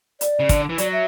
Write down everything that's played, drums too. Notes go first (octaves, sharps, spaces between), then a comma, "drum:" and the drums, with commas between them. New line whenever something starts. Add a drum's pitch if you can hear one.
D5, drum: hi-hat
C#3
D3, drum: kick, hi-hat
E3
F#3 D5, drum: hi-hat
E5